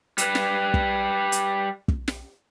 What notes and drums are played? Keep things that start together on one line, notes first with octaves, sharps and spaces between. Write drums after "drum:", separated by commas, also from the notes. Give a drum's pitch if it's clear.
G3 B4, drum: hi-hat
drum: snare
drum: kick
drum: hi-hat
drum: kick
drum: snare